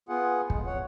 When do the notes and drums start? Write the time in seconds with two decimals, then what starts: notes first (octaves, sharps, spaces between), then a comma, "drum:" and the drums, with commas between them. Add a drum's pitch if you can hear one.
0.09 B3 F4 G#4 F#5
0.50 F2 G#3, drum: kick
0.66 E2 C#5 F#5